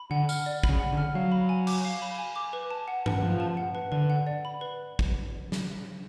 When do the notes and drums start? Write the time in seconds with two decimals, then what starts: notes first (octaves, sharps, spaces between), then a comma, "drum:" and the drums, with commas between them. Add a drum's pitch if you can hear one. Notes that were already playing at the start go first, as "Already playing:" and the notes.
Already playing: B5
0.11 D3 F#5
0.29 F6, drum: tambourine
0.46 D5
0.63 B5, drum: kick
0.69 C#3
0.80 F#5
0.92 D3
0.97 F6
1.15 F#3 F5
1.32 B5
1.49 G#5
1.67 D6, drum: cymbal
1.85 F5
2.02 B5
2.18 G#5
2.36 D6
2.53 B4
2.71 A5
2.88 F#5
3.06 B4, drum: tom G2
3.22 F3 B4
3.40 A5
3.57 F#5
3.75 B4
3.92 D3 B4
4.10 F#5
4.27 D5
4.45 B5
4.61 B4
4.99 drum: kick
5.52 drum: snare